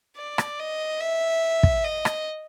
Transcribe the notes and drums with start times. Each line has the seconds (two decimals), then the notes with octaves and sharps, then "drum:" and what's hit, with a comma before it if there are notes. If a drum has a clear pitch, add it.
0.17 D5
0.38 drum: rim click
0.60 D#5
1.01 E5
1.63 drum: kick
1.84 D#5
2.05 drum: rim click